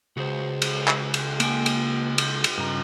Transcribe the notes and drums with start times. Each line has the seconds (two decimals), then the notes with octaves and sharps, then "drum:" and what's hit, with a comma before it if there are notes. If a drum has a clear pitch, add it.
0.17 C#2 F#4 G#4 C5
0.62 drum: cymbal
0.88 drum: clap
1.14 drum: cymbal
1.40 A#3 G5 G#5, drum: cymbal
1.66 drum: cymbal
2.18 drum: cymbal
2.44 drum: cymbal
2.58 G2 C#3 A#5